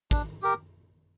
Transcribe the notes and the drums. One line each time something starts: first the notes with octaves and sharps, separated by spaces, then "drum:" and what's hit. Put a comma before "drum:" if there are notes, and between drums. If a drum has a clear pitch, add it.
D4, drum: kick
G4 A#4